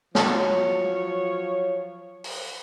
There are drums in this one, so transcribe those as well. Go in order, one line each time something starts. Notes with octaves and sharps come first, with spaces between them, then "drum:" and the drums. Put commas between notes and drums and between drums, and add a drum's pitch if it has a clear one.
F3 F#3 C#5, drum: snare
drum: open hi-hat